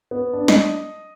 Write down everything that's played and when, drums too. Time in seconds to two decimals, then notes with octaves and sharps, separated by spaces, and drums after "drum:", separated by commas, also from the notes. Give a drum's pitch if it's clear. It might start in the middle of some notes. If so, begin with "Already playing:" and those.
0.11 B3
0.33 D4
0.48 D#5, drum: snare